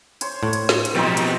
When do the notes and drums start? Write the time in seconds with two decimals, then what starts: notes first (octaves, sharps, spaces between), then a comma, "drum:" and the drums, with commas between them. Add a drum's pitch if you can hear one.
0.21 C5 C#5 C6, drum: hi-hat
0.43 A2
0.53 drum: hi-hat
0.69 drum: snare
0.85 drum: hi-hat
0.95 B2 F3 F#3 C4 D#4 G4
1.17 drum: hi-hat